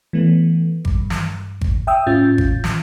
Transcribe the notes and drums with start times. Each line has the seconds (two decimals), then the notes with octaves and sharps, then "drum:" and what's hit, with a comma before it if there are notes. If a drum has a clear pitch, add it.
0.13 E3 A3 B3
0.85 G2, drum: kick G#1
1.10 drum: snare
1.61 drum: kick G#1
1.87 E5 G5 D#6 E6
2.07 A2 C#4 F4 G6 A6
2.38 drum: kick G#1
2.64 drum: snare